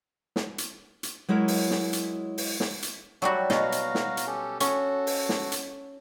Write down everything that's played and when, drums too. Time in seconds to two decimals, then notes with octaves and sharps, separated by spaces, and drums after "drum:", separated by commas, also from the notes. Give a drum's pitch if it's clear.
0.36 drum: snare
0.58 drum: hi-hat
1.03 drum: hi-hat
1.29 F#3 G#3 E4 A#4 C#5
1.48 drum: open hi-hat
1.70 drum: snare
1.93 drum: hi-hat
2.38 drum: open hi-hat
2.60 drum: snare
2.83 drum: hi-hat
3.22 F#3 G3 F#4 E5 A5
3.50 B2 F#4 F5 A#5, drum: snare
3.72 drum: hi-hat
3.95 drum: snare
4.17 drum: hi-hat
4.27 C#4 G4 A4
4.60 C#4 F#4 A4, drum: hi-hat
5.07 drum: open hi-hat
5.29 drum: snare
5.52 drum: hi-hat